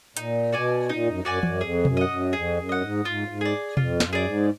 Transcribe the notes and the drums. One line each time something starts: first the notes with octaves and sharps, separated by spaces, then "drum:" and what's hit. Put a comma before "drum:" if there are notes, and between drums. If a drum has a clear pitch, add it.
A#2 D#4, drum: hi-hat
B2 F#4 D5 G#5
A#2 D#4
F#2
F#2 F#4 D5 G#5
F#2, drum: tom E3
F2 G#4
F#2, drum: tom B2
D#5 F#5
F#2
F2 G#4
F#2
D#5 F#5
G#2
G#2 F4
G#2
G#4 D5
F2 F4, drum: tom B2
F#2, drum: snare
G#4 D5
G#2